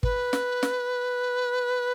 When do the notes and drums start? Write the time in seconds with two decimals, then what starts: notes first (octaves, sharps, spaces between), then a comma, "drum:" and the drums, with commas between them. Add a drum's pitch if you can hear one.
0.03 B4, drum: kick
0.33 drum: snare
0.63 drum: snare